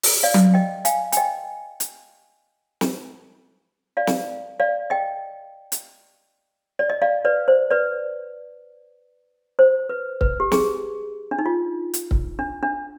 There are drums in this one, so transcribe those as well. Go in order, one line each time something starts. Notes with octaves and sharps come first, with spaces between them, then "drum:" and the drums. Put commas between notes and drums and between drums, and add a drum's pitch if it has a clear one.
drum: open hi-hat
D5 F5
drum: tom F#3
D#5 G5
F5 G#5, drum: hi-hat
G#5, drum: hi-hat
D#5 G5
drum: hi-hat
drum: snare
D5 F5
drum: snare
D5 F5
D#5 G5
drum: hi-hat
D5
D#5
D5 F5
B4 D5
C5
B4 D5
C5
B4
B4, drum: kick C#1
G4
G#4, drum: snare
D4
D#4
F4
drum: hi-hat
drum: kick C#1
D4
D4